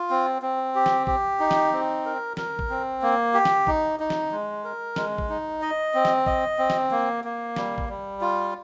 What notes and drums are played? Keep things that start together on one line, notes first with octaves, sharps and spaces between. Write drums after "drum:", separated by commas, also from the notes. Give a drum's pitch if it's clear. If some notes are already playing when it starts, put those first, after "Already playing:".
Already playing: F4
C4
C4
G4
drum: snare
G4, drum: kick
D#4
drum: snare
C4
A#4
A#4, drum: snare
drum: kick
C4
A#3
G4
drum: snare
D#4, drum: kick
D#4
drum: snare
G#3
A#4
G#3, drum: snare
drum: kick
D#4
D#5
C4
drum: snare
D#5, drum: kick
C4
drum: snare
A#3
A#3
G3, drum: snare
drum: kick
G3
F4